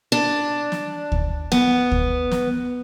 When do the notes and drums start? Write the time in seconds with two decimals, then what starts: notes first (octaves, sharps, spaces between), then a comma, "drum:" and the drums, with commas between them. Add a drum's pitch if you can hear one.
0.12 D4
0.72 drum: snare
1.12 drum: kick D2
1.52 B3, drum: snare
1.92 drum: kick D2
2.31 drum: snare